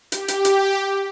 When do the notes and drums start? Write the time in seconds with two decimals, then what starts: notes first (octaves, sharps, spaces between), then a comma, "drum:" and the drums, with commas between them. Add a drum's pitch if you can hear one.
0.12 G4, drum: hi-hat
0.28 drum: hi-hat
0.45 drum: hi-hat